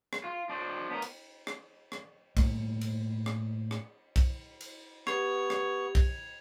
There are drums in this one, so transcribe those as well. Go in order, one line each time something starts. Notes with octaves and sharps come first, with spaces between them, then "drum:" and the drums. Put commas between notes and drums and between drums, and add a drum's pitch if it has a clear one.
drum: rim click
F4
D4 C5
B3 A#4
drum: cymbal
drum: rim click
drum: rim click
A2 G3 A#3, drum: kick, cymbal
drum: cymbal
drum: rim click
drum: rim click
drum: kick, cymbal
drum: cymbal
B3 G4 C#6 G#6 F7, drum: rim click
drum: rim click
drum: kick, cymbal